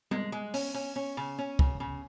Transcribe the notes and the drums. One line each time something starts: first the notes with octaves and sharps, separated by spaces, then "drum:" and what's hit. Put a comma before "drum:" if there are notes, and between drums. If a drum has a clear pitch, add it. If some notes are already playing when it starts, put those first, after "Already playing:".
G#3, drum: tom G3
G#3
C#4, drum: open hi-hat
C#4
C#4
C#3
C#4
C#3, drum: kick
C#3